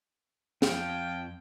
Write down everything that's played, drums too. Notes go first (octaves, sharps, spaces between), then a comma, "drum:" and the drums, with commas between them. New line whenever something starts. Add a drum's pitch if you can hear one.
F2 F4 G5, drum: snare